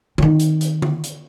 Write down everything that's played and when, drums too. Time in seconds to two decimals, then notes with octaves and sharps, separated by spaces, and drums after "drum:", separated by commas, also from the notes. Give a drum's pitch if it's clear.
0.18 D#3 C4, drum: tom D3
0.40 drum: hi-hat
0.61 drum: hi-hat
0.82 drum: tom D3
1.04 drum: hi-hat